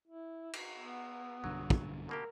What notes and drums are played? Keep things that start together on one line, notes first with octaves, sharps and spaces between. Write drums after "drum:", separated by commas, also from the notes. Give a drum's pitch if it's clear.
E4
drum: cymbal
B3
B1 G2 D3 F#3
drum: kick
B2 A#3 G4 A#4